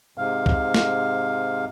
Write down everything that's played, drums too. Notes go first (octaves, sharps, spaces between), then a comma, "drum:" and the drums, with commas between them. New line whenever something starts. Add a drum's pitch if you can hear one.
G#2 C3 F5
drum: kick
drum: snare